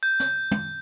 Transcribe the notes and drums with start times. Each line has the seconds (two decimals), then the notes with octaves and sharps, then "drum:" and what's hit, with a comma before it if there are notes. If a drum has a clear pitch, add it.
0.03 G6
0.20 drum: snare
0.51 drum: tom